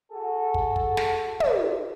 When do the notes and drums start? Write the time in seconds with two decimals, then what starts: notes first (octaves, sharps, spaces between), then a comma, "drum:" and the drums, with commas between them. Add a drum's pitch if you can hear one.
0.11 F#4 G#4 A4
0.54 drum: kick
0.76 drum: kick
0.97 drum: snare
1.40 drum: tom